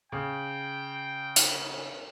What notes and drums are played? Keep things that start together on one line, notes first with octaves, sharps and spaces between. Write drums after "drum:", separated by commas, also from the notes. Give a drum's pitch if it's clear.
C#3 G5
drum: hi-hat